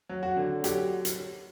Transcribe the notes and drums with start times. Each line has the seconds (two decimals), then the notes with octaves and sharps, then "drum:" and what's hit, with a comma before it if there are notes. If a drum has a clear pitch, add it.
0.09 F#3
0.23 F#4
0.36 D3
0.64 F#3 G4, drum: hi-hat
1.05 drum: hi-hat